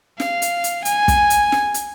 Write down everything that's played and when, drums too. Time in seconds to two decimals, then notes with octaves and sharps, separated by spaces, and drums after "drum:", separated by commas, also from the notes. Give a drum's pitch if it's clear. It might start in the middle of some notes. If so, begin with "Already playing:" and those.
0.20 F5, drum: snare
0.42 drum: hi-hat
0.64 drum: hi-hat
0.85 G#5, drum: hi-hat
1.08 drum: kick, hi-hat
1.30 drum: hi-hat
1.52 drum: snare
1.74 drum: hi-hat